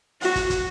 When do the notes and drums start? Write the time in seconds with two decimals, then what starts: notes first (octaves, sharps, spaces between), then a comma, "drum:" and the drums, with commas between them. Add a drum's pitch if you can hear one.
0.21 F#4, drum: open hi-hat
0.36 drum: kick, hi-hat
0.50 drum: kick, hi-hat